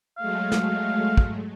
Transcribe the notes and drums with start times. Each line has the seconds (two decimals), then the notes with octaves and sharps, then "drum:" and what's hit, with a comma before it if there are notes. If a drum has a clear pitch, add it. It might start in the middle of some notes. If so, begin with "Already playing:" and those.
0.18 F#3 G#3 A3 F5
0.52 drum: snare
1.17 drum: kick